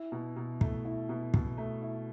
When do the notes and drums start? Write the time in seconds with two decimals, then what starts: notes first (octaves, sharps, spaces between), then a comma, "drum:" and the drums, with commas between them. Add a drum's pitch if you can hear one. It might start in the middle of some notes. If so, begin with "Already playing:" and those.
Already playing: E4
0.12 B2
0.36 B2
0.61 A3, drum: kick
0.85 E4
1.09 B2
1.34 B2, drum: kick
1.58 A3
1.82 E4